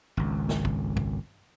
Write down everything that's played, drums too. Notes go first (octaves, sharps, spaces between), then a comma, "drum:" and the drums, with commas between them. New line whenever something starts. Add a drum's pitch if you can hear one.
G#1 C#2
drum: snare
drum: kick
drum: kick